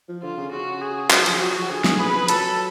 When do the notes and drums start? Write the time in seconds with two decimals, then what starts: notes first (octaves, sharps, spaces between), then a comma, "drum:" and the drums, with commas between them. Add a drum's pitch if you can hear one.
0.09 F3
0.23 D3 F4
0.37 C#3
0.52 C#3 F#4
0.81 G#4
1.11 F#3, drum: clap
1.26 F3, drum: cymbal
1.40 F#3 F#4
1.55 F3
1.70 D3 G#4
1.84 D3, drum: snare
1.99 C#3 B4
2.14 F3
2.28 F#3 A4, drum: hi-hat